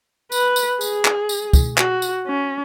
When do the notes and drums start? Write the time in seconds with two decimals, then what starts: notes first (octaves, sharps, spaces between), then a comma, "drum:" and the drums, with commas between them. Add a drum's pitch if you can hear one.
0.32 B4, drum: tambourine
0.56 drum: tambourine
0.81 G#4, drum: tambourine
1.05 drum: clap
1.29 drum: tambourine
1.53 drum: kick, tambourine
1.77 F#4, drum: clap
2.02 drum: tambourine
2.27 C#4